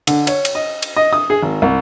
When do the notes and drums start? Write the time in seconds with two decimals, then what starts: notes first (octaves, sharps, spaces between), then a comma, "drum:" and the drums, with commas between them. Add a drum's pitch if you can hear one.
0.07 D3, drum: cymbal
0.27 C#5, drum: cymbal
0.45 drum: cymbal
0.55 D#5
0.82 drum: cymbal
0.96 D#5
1.13 D#6
1.30 G#4
1.43 G#1
1.62 C2